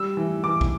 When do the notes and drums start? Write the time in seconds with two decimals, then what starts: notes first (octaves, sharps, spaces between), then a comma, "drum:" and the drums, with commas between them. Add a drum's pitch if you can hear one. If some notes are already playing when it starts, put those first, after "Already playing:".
Already playing: G3 E6
0.17 E3
0.44 E3 D6
0.61 drum: kick